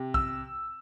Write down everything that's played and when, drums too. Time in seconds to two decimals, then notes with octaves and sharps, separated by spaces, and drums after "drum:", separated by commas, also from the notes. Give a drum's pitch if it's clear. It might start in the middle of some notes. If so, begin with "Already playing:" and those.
Already playing: C3
0.14 E6, drum: kick B1